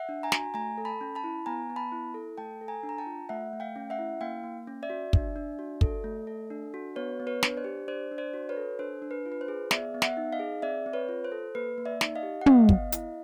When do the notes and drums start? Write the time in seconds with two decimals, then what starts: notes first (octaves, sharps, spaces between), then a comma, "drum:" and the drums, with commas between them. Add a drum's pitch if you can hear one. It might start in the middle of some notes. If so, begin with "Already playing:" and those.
Already playing: E5 F#5
0.09 D4
0.23 G#5 A#5
0.32 F#4, drum: snare
0.54 A3 G#5 A#5
0.78 A4
0.85 A5 B5
1.01 C#4
1.15 A5 B5
1.24 E4
1.46 B3 G#5 A#5
1.70 B3
1.76 A5 B5
1.92 E4
2.14 A4
2.38 A3 G5 A5
2.61 A4
2.68 G#5 A#5
2.83 D4
2.89 A#5
2.98 G5 A5
3.07 F4
3.29 A3 E5 F#5
3.53 A3
3.60 F5 G5
3.76 C#4
3.90 E5 F#5
3.99 E4
4.21 A#3 F5 G5
4.44 A#3
4.67 C#4
4.83 D5 E5
4.90 F#4
5.13 D4, drum: kick
5.36 D4
5.59 F#4
5.81 A4, drum: kick
6.04 A3
6.27 A4
6.50 D4
6.74 F#4
6.96 B3 B4 C#5
7.20 B3
7.27 B4 C#5
7.43 D4, drum: snare
7.57 C5 D5
7.64 G4
7.87 D4 C5 D5
8.11 D4
8.18 C5 D5
8.34 F#4
8.49 B4 C#5
8.57 A4
8.79 D4 C5
9.02 D4
9.11 B4
9.26 F4
9.32 B4
9.41 C5
9.48 G#4
9.71 B3 D5 E5, drum: snare
9.94 B3
10.02 E5 F#5, drum: snare
10.17 D#4
10.33 D#5 F5
10.39 G#4
10.62 C4 D5 E5
10.86 C4
10.93 B4 C#5
11.09 F4
11.25 C5
11.32 A4
11.55 A#3 B4
11.78 A#3
11.85 D5 E5
12.01 D#4, drum: snare
12.15 D#5 F5
12.23 G4
12.41 F#5
12.46 B3 D#5 F5, drum: tom
12.69 B3, drum: kick
12.92 E4, drum: hi-hat